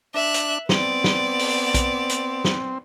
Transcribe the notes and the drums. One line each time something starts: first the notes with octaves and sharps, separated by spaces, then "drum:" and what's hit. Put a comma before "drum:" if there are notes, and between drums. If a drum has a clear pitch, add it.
D4 E5 F#6
drum: hi-hat
B3 C4 D5, drum: snare
drum: snare
drum: open hi-hat
drum: kick A#1, hi-hat
drum: hi-hat
drum: snare